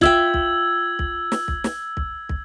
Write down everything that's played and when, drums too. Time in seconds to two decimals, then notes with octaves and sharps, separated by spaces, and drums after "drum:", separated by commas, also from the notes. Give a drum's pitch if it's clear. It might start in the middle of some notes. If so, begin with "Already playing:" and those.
0.01 F4 E5 G5 E6 G#6 F#7, drum: kick
0.34 drum: kick
0.99 drum: kick
1.32 drum: snare
1.48 drum: kick
1.64 drum: snare
1.97 drum: kick
2.29 drum: kick